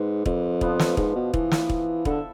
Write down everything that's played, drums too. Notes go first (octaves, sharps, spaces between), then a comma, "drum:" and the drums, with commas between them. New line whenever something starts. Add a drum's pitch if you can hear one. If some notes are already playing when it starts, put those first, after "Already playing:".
Already playing: G#2 C4 G#4 B4 D5
F2, drum: kick
F3 B3 D4, drum: kick
drum: snare
G#2, drum: kick
B2
E3, drum: kick
drum: snare
drum: kick
D3 E4 A4 E5, drum: kick